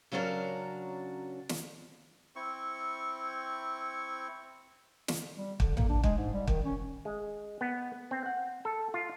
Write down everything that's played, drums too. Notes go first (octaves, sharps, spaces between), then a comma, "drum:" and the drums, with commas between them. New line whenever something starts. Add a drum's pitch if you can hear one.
C#3 F#3 C#4 D4 F#4 A#4
drum: snare
C4 E4 C#6
drum: snare
G3
D3, drum: kick
A#3, drum: tom A1
D4
G#3, drum: kick
G#2
G3
D#3, drum: kick
C#4
G#3
B3
C4
F#5
A4
F4